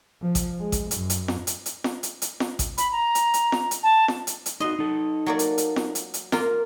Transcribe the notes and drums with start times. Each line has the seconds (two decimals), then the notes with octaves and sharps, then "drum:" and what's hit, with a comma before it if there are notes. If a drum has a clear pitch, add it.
0.21 F3
0.35 drum: kick A1, hi-hat
0.59 G#3
0.72 drum: kick A1, hi-hat
0.91 F#2, drum: hi-hat
1.10 drum: hi-hat
1.28 drum: snare F4
1.47 drum: hi-hat
1.66 drum: hi-hat
1.84 drum: snare F4
2.03 drum: hi-hat
2.22 drum: hi-hat
2.40 drum: snare F4
2.59 drum: kick A1, hi-hat
2.78 B5, drum: hi-hat
2.92 A#5
3.15 drum: hi-hat
3.34 drum: hi-hat
3.52 drum: snare F4
3.71 drum: hi-hat
3.83 A5
4.08 drum: snare F4
4.27 drum: hi-hat
4.46 drum: hi-hat
4.60 D#4 F#4 D#5 C6
4.79 D#4 A4
5.26 F#3 A#3 D5
5.39 drum: hi-hat
5.58 drum: hi-hat
5.76 drum: snare F4
5.95 drum: hi-hat
6.14 drum: hi-hat
6.32 A#3 F4, drum: snare F4